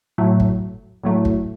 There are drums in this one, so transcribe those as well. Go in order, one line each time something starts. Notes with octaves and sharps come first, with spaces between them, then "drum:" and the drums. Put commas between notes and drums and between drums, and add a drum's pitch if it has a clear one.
A2 F#3 A3
drum: kick
A2 F#3 A3
drum: kick